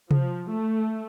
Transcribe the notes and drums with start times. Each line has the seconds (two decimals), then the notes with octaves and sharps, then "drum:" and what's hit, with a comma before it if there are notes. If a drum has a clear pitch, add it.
0.11 F3, drum: tom C3
0.52 A3